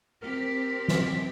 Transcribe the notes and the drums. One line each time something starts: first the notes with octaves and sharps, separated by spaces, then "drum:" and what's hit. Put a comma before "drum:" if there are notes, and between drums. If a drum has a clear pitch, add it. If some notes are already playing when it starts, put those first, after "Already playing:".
C4 G4 A#4 B6
drum: snare